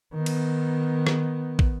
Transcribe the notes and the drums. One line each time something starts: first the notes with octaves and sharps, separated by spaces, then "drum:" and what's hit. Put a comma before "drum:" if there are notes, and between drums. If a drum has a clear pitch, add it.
D#3 B3
drum: cymbal
drum: rim click
drum: kick